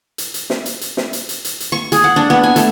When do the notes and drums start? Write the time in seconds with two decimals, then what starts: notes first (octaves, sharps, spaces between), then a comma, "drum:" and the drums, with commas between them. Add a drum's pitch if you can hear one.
0.18 drum: hi-hat
0.34 drum: hi-hat
0.50 drum: snare
0.66 drum: hi-hat
0.81 drum: hi-hat
0.97 drum: snare
1.13 drum: hi-hat
1.29 drum: hi-hat
1.45 drum: hi-hat
1.60 drum: hi-hat
1.72 C#6
1.92 G#4, drum: hi-hat
2.04 F#5
2.16 D4
2.30 B3
2.44 G#5
2.56 A3, drum: hi-hat